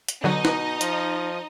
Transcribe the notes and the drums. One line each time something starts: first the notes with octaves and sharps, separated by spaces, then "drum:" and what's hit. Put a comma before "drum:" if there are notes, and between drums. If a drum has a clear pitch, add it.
drum: hi-hat
B2 D3 F#3 D#4 F#4 D#5
drum: snare
F3, drum: hi-hat